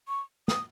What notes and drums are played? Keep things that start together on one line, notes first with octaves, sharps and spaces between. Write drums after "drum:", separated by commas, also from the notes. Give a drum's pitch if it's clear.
C#6
D#6, drum: snare